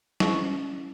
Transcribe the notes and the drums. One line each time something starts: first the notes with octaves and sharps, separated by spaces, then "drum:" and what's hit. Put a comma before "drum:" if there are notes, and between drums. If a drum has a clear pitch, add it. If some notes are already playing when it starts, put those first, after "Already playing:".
C#4 E4 C#6, drum: snare